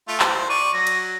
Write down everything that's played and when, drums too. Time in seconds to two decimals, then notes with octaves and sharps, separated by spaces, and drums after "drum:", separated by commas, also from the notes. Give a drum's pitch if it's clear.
0.08 A3 F4
0.20 C5, drum: clap
0.50 D5 C#6 D#7
0.73 F#3 A#6
0.87 drum: cymbal